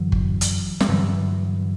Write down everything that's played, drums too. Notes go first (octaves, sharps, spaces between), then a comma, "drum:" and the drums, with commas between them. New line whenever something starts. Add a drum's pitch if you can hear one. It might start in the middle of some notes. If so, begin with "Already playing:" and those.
Already playing: F#2 D3 E3 F#3
drum: kick G1
drum: hi-hat
G3, drum: snare
G2 D3 E3 F#3